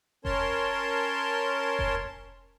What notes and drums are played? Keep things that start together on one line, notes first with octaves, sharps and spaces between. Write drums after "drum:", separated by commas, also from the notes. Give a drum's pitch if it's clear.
C#4 A#4 C#5 A5 C6, drum: kick F1
drum: kick F1